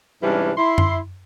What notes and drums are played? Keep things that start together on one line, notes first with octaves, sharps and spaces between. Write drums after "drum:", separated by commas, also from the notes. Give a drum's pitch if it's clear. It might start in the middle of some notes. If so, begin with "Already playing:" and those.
G#2 C3 E3 G3 C#4 D4
E4 C6
drum: tom F#2